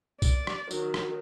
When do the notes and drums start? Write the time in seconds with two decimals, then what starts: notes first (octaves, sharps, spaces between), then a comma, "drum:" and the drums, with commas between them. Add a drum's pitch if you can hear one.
0.22 D5, drum: kick B1, tambourine
0.47 drum: rim click
0.71 D#3 F#3, drum: tambourine
0.94 drum: rim click